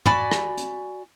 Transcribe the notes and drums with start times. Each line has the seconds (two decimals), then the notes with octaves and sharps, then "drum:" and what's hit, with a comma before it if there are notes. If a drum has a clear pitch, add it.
0.06 F#4 D5 G#5 B5, drum: tom
0.31 drum: rim click
0.57 drum: hi-hat